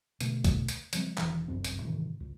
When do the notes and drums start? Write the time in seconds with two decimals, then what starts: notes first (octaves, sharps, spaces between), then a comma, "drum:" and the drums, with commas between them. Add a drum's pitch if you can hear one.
0.20 B2 D3 A3, drum: hi-hat
0.44 drum: kick, hi-hat
0.68 drum: hi-hat
0.93 C#3 F3 G3 C4, drum: hi-hat
1.18 E1 D#3 E3 D4, drum: clap
1.48 G1 C2 F#2 C4
1.64 drum: hi-hat
1.82 G#2 C3 D#3 E3
2.20 C#2